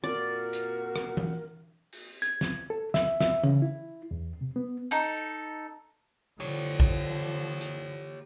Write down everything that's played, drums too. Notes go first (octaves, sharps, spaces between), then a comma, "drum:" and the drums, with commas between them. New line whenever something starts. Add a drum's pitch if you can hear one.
F2 A#2 F#4 A#4 D5
drum: hi-hat
drum: rim click
drum: tom E3
drum: open hi-hat
G#6, drum: hi-hat
drum: snare
A4
E5, drum: snare
E5, drum: snare
C#3, drum: tom E3
E4
E2
C3
B3
D#4 A4
drum: tambourine
drum: tambourine
D3 F3 G4 C#5
drum: kick A#1
drum: hi-hat